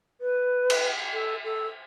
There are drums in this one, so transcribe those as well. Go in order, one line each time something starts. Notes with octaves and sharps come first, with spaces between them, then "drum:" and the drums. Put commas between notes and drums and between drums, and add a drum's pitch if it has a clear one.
B4
drum: cymbal
A4
A4